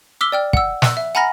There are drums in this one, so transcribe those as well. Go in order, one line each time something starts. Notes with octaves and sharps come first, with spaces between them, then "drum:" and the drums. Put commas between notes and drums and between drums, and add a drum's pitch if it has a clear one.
D6 E6 F6 B6 G7
D5 G5 F6
F#5 E6, drum: kick
E6 F#6, drum: snare
E5
F#5 G#5 A#5 B5 F6 A#6